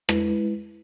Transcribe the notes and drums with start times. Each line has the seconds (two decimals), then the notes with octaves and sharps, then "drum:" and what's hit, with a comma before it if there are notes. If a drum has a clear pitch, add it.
0.09 G#3 E4 B4, drum: rim click